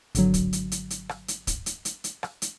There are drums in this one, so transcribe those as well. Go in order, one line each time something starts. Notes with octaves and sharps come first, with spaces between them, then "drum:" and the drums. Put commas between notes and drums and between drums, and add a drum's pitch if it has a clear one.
G#1 D3 F#3, drum: hi-hat
drum: kick, hi-hat
drum: hi-hat
drum: hi-hat
drum: hi-hat
drum: rim click
drum: hi-hat
drum: kick, hi-hat
drum: hi-hat
drum: hi-hat
drum: hi-hat
drum: rim click
drum: hi-hat